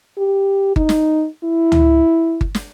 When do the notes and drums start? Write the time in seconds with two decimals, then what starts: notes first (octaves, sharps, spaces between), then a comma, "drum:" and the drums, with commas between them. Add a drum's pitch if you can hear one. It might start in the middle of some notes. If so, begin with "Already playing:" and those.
0.18 G4
0.76 D#4, drum: kick G1
0.89 drum: snare
1.44 E4
1.72 drum: tom C#2
2.41 drum: kick G1
2.55 drum: snare